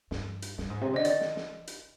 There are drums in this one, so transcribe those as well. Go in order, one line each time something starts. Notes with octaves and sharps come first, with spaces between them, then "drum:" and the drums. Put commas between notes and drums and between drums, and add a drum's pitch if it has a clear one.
G2, drum: snare
drum: hi-hat
G2, drum: snare
G#2
C3
D3 D#5
D#3 D5, drum: hi-hat
drum: snare
drum: snare
drum: hi-hat